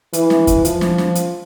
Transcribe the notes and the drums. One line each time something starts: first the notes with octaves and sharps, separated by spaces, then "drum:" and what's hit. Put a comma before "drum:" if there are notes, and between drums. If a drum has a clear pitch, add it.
E3, drum: hi-hat
drum: snare
drum: kick E2, hi-hat
F3, drum: hi-hat
drum: snare
drum: snare
drum: hi-hat